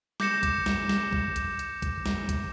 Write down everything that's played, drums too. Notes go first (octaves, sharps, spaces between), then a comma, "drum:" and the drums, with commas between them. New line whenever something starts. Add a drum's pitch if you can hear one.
D6 G6 A#6 C#7 E7, drum: snare
drum: kick B1, hi-hat
drum: snare
drum: snare
drum: kick B1
drum: hi-hat
drum: hi-hat
drum: kick B1, hi-hat
drum: snare
drum: kick B1, hi-hat